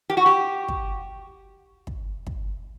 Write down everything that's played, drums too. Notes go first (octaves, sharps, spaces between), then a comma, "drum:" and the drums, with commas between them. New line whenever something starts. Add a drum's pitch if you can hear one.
G4
F#4
G4
drum: kick
drum: kick
drum: kick